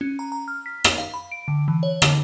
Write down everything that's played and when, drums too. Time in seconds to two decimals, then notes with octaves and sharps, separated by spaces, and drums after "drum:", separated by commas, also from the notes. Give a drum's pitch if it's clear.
0.01 C#4
0.19 A#5
0.32 A#5
0.48 F6
0.66 B6
0.84 drum: rim click
0.98 F5
1.14 B5
1.32 D7
1.48 D3
1.68 E3
1.83 C#5
2.02 D3, drum: rim click